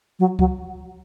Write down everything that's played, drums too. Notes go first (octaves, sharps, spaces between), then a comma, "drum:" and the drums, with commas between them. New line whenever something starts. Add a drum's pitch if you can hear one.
F#3
F#3, drum: kick C#2